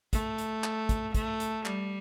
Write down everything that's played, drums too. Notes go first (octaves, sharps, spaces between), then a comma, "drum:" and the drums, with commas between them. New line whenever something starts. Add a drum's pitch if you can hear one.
A3, drum: kick, hi-hat
drum: hi-hat
drum: clap
drum: kick, hi-hat
A3, drum: kick, hi-hat
drum: hi-hat
G3, drum: clap